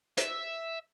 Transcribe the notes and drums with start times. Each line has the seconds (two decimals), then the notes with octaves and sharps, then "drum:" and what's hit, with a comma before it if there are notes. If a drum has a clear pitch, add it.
0.17 E5, drum: hi-hat